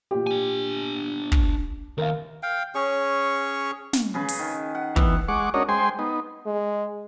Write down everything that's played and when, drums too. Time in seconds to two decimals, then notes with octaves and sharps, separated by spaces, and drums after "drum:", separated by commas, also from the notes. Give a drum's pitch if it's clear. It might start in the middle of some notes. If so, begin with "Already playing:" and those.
0.11 A#2 G4
0.27 D4 G#5
1.32 drum: kick
1.98 D#2 A#4 F5
2.43 F5 G5
2.75 C#4 G#4 C#5 C#6
3.93 drum: snare
4.14 C#3 G#4 B4
4.29 drum: open hi-hat
4.39 D#3
4.75 F#5
4.96 E3 B3, drum: kick
5.28 G#3 F#5 C#6 D6
5.54 C#4 D4 F#4 A#4 C#5 D#5
5.69 G#3 C5 G5 G#5 C6
5.99 B3 D#4
6.46 G#3